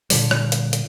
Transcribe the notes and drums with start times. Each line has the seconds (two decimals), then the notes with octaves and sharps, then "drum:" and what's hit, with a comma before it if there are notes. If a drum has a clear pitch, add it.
0.10 A#2 D3 G3, drum: open hi-hat
0.31 drum: rim click
0.52 drum: hi-hat
0.73 drum: hi-hat